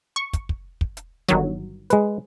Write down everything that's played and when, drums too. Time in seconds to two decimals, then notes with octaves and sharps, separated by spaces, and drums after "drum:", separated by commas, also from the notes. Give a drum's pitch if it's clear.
0.16 C#6
0.33 drum: kick, hi-hat
0.49 drum: kick
0.81 drum: kick
0.97 drum: hi-hat
1.28 G1 D#3 F#3, drum: hi-hat
1.90 G#3 B4, drum: hi-hat